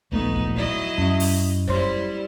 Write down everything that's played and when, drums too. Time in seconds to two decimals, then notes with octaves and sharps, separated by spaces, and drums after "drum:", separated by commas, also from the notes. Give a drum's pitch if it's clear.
0.12 D1 A#1 A3 B3 D#4
0.36 drum: kick
0.55 F#3 E4 D#5
0.98 F#2 C#4 E5
1.20 drum: open hi-hat
1.68 G3 E4 C5 C#5 C6, drum: kick